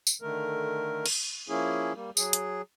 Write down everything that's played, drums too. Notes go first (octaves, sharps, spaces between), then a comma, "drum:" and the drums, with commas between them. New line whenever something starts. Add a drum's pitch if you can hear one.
drum: tambourine
D3 D#3 A3 A#4
drum: cymbal
F3 A#3 C#4 E4 G#4
G3 A#3
F#3 G#4, drum: tambourine
drum: hi-hat